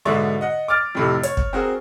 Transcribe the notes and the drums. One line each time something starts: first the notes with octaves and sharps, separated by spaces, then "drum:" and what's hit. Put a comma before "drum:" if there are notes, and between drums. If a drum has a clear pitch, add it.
G#2 B2 D3 D5 E5 C#6
D#5 F#5
D6 F6 A6 D7
F2 A2 C3
C#5, drum: hi-hat
drum: kick
C4 F#4 G#4 A#4